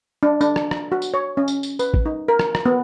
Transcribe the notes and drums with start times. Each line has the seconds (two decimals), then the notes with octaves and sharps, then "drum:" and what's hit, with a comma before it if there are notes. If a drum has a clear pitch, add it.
0.23 D4
0.41 D4, drum: tambourine
0.56 drum: rim click
0.71 drum: rim click
0.92 F#4
1.02 drum: tambourine
1.14 C#5
1.37 C#4
1.48 drum: tambourine
1.63 drum: tambourine
1.79 B4, drum: tambourine
1.94 drum: kick A1
2.06 D#4
2.28 A#4
2.39 drum: rim click
2.55 drum: rim click
2.65 B3